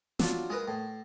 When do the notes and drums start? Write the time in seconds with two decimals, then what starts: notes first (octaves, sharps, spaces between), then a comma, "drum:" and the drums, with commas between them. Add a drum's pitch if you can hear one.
0.19 F#3 D4 F4, drum: snare
0.50 G#3 A#4 B4
0.68 A2